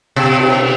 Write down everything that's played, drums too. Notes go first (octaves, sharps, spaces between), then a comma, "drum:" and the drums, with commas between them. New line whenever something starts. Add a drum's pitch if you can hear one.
B2
drum: cymbal